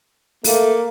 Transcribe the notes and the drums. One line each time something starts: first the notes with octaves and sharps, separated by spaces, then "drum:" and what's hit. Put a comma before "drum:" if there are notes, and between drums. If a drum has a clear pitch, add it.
A3 A#3, drum: open hi-hat